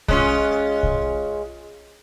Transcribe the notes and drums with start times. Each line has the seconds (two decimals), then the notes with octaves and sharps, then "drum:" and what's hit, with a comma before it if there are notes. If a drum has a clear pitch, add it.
0.08 G#3 C#4 F4, drum: kick
0.83 drum: kick